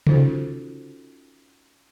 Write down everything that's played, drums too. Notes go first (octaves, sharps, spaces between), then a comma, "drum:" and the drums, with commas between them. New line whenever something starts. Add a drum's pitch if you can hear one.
C#4 D#4 F4 F#4 A4 C5, drum: tom C3